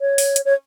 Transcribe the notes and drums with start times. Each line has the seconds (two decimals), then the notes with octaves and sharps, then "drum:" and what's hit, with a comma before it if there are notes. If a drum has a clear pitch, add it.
0.01 C#5
0.18 drum: open hi-hat
0.36 drum: hi-hat
0.45 C#5